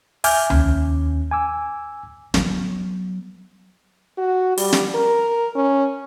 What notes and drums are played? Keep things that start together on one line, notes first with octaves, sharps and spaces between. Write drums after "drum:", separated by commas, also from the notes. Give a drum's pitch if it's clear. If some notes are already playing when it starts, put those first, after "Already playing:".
E5 G#5 D6 F6 G6, drum: open hi-hat
D#2 C#4, drum: tom C#2
G#5 D6 E6
F#3 B3, drum: snare
F#4
G3, drum: open hi-hat
drum: snare
A#4
C#4